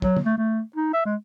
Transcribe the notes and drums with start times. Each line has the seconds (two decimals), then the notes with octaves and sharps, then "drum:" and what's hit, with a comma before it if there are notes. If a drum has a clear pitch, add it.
0.02 F#3, drum: kick
0.17 drum: tom
0.26 A3
0.38 A3
0.76 D#4
0.93 E5
1.06 G#3